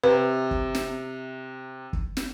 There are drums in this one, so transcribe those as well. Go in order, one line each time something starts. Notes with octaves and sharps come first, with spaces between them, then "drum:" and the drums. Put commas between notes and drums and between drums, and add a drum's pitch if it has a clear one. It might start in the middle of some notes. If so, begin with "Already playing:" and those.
C3 B4
drum: kick
drum: snare
drum: kick
drum: snare